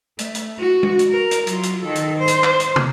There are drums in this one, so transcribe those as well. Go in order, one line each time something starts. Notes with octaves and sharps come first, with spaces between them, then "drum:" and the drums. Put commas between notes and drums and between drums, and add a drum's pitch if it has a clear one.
A3, drum: hi-hat
drum: hi-hat
F#4
drum: tom
drum: hi-hat
A#4
drum: hi-hat
F#3 F4, drum: hi-hat
drum: hi-hat
D#3 A4
drum: hi-hat
C5
drum: hi-hat
drum: clap
drum: hi-hat
drum: tom